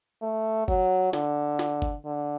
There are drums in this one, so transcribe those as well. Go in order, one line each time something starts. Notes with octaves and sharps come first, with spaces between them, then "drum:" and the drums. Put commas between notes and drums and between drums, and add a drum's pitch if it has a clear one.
A3
F#3, drum: kick G1
D3, drum: snare
drum: snare
drum: kick G1
D3